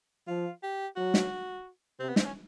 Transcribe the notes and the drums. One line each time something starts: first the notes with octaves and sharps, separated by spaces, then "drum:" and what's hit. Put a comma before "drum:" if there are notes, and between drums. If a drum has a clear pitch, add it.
F3 F4
G4
F#3 F#4
drum: snare
C3 C4
B3
C4, drum: snare
C#4